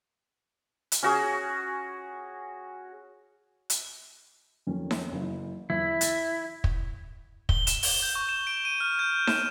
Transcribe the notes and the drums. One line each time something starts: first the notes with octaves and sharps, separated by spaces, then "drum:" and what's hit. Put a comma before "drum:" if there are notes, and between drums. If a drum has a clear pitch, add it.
drum: hi-hat
C#4 F#4 G#4 G#5
drum: hi-hat
F2 D#3 C#4
drum: snare D#4
F#1 E3
E2 E4
A6, drum: hi-hat
drum: kick
G7, drum: kick
E7, drum: hi-hat
G7, drum: open hi-hat
G6
C#6
E7
D7
D#7
F6
G6
E7, drum: snare D#4